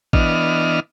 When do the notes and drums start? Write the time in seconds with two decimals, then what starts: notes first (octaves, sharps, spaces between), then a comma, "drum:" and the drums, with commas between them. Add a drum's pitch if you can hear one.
0.13 E3 B3 D4 D#5 F6, drum: kick A1